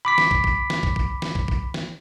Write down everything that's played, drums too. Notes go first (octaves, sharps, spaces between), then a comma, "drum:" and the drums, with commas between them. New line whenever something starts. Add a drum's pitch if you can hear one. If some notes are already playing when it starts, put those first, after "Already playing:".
B5 D6 B6
drum: snare
drum: kick
drum: kick
drum: snare
drum: kick
drum: kick
drum: snare
drum: kick
drum: kick
drum: snare